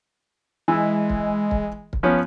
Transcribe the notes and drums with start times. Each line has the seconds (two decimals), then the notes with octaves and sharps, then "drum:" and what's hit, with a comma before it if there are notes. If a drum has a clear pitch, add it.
0.68 E3 G#3 E4
1.10 drum: kick
1.51 drum: kick
1.93 drum: kick
2.03 F3 B3 C#4